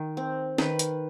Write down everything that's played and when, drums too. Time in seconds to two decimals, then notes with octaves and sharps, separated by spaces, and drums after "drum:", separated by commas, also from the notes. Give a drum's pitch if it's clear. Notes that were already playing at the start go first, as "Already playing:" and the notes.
Already playing: D#3
0.17 C4
0.58 D#3 B4, drum: snare
0.79 drum: hi-hat